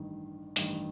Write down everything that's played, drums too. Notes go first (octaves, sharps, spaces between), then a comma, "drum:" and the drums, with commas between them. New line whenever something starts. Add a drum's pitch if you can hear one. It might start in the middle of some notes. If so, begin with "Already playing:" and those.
Already playing: A1 G2 D#3
A1 G2 D#3, drum: hi-hat